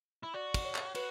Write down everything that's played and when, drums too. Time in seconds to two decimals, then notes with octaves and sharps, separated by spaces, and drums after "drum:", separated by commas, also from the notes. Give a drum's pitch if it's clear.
0.23 E4
0.34 F#4 D5
0.54 drum: kick, cymbal
0.65 C#5
0.75 drum: clap
0.95 F#4 B4, drum: cymbal